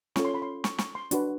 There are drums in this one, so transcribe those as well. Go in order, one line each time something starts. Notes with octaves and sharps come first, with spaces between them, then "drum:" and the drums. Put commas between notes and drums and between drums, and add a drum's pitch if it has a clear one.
C#4 F4 A4 C#5 C#6, drum: snare
C6
B5
C6
C#6, drum: snare
C#6, drum: snare
C6
D4 F#4 B4, drum: hi-hat